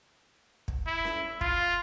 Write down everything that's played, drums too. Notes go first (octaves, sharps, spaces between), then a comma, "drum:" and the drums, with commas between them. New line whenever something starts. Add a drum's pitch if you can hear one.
drum: kick
E4
drum: snare C#4
F4, drum: kick